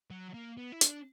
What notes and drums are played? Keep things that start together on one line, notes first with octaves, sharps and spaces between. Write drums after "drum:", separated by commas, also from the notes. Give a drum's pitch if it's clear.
F#3
A#3
B3
E4
D4, drum: hi-hat